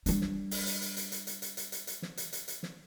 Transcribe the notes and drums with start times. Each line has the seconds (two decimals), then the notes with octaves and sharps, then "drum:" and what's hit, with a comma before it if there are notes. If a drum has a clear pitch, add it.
0.06 G3 D4, drum: hi-hat
0.21 drum: snare
0.51 drum: open hi-hat
0.66 drum: hi-hat
0.82 drum: hi-hat
0.97 drum: hi-hat
1.12 drum: hi-hat
1.27 drum: hi-hat
1.42 drum: hi-hat
1.57 drum: hi-hat
1.72 drum: hi-hat
1.87 drum: hi-hat
2.02 drum: snare
2.17 drum: hi-hat
2.33 drum: hi-hat
2.48 drum: hi-hat
2.63 drum: snare